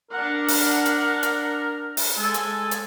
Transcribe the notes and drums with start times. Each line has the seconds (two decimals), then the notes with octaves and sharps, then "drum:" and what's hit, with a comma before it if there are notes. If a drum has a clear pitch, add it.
0.11 D4 A#4 F#5
0.48 drum: open hi-hat
0.86 drum: hi-hat
1.23 drum: hi-hat
1.97 drum: open hi-hat
2.18 G#3 A4 G#5
2.34 drum: hi-hat
2.71 drum: hi-hat